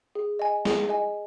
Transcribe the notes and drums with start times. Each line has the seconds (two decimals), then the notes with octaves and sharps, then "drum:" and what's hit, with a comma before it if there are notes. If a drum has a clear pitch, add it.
0.15 G#4
0.39 D#5 G#5
0.65 G#4, drum: snare
0.89 D#5 G#5